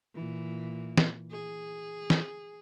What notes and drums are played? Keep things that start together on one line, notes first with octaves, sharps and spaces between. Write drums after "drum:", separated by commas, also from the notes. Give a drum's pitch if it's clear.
A#2 E3
drum: snare
G#4
drum: snare